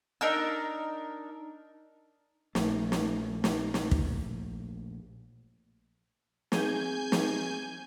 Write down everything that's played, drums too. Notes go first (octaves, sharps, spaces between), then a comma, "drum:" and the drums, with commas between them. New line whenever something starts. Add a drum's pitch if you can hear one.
D4 D#4 A#4 E6
A#1 A3, drum: snare
drum: snare
drum: snare
drum: snare
drum: kick
C4 G#4 G#5 G6, drum: snare
drum: snare